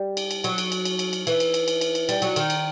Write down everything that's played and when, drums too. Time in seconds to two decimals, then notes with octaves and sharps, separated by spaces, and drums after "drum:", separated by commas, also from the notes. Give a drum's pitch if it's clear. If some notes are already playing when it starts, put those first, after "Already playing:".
Already playing: G3
0.17 drum: cymbal
0.31 drum: cymbal
0.44 F#3, drum: cymbal
0.58 drum: cymbal
0.72 drum: cymbal
0.85 drum: cymbal
0.99 drum: cymbal
1.13 drum: cymbal
1.27 E3, drum: cymbal
1.40 drum: cymbal
1.54 drum: cymbal
1.68 drum: cymbal
1.81 drum: cymbal
1.95 drum: cymbal
2.09 G3, drum: cymbal
2.22 F#3, drum: cymbal
2.36 D#3, drum: cymbal
2.50 drum: cymbal